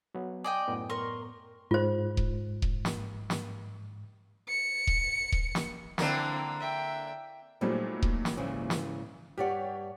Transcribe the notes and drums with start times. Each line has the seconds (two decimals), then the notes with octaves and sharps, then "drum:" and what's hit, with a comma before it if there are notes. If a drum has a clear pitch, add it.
0.15 F#3 B3
0.44 D5 D#5 G5 G#5
0.68 F#2 A2 B3
0.89 A#4 C6 C#6
1.71 G#2 F4 C5
2.17 drum: kick D#1
2.62 drum: kick D#1
2.85 drum: snare
3.30 drum: snare
4.49 C#7
4.87 drum: kick D#1
5.32 drum: kick D#1
5.55 drum: snare
5.98 D3 A#3 C4 E4, drum: snare
6.60 E5 G5
7.61 A#2 F#3 G3 A3 C4 D#4
8.02 drum: kick D#1
8.25 drum: snare
8.37 G#2 C#3 E3
8.70 drum: snare
9.38 G2 G4 C#5 D5 F#5